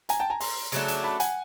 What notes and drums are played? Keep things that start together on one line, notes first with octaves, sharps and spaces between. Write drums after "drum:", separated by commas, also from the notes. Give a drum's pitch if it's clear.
G#5 A#5, drum: hi-hat
G5 A5
G#5 A#5
A#5 C6, drum: open hi-hat
C#3 F#3 A3 D4, drum: hi-hat
drum: hi-hat
A5 B5
F#5 G#5, drum: hi-hat